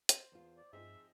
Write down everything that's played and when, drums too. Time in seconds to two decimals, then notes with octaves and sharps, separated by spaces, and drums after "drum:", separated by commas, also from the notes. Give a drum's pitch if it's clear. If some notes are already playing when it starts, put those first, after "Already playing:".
0.09 C5, drum: hi-hat
0.32 E2 F4
0.57 D5
0.73 G2 F3 C4 D#4 G#4 E5